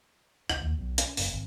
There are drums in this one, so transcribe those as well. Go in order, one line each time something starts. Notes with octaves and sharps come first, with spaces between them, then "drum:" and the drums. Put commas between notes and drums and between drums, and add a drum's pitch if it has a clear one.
C#2, drum: rim click
D#2
B1
C#4, drum: hi-hat
F#1, drum: open hi-hat
G#1